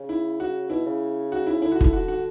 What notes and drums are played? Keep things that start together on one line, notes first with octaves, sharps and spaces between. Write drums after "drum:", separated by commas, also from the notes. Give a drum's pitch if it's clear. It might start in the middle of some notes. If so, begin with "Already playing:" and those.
Already playing: C#3
E4
F#4
B2 E4
C#3
F#4
E4
C#3
D3 E4
F#4
E4, drum: kick
F#4
F#4